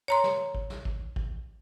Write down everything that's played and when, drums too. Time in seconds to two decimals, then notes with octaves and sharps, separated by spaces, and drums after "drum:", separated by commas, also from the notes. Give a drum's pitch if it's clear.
0.08 C#5 A#5 C6
0.24 drum: snare
0.55 drum: kick
0.70 drum: snare
0.85 drum: kick
1.16 drum: kick